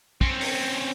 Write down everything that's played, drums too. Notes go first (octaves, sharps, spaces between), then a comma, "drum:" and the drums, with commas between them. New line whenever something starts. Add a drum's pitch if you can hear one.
C4 C#4, drum: kick
drum: open hi-hat